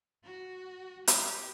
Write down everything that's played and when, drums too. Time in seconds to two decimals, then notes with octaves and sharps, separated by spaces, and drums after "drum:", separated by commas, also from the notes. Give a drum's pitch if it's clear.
0.24 F#4
1.07 G4, drum: hi-hat